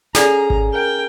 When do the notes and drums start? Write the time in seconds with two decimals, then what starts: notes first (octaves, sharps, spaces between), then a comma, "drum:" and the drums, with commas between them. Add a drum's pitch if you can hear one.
0.15 C#4 G#4 A4 D5 F#5 A#5, drum: snare
0.50 drum: kick G#1
0.72 A#4 G5